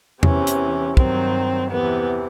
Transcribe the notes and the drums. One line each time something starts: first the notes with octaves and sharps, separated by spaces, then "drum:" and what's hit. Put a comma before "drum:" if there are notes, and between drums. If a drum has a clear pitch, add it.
E2 C3 E3 C#4, drum: tom E2
drum: hi-hat
G2 D#3 F#3 C4, drum: kick
E2 C3 E3 B3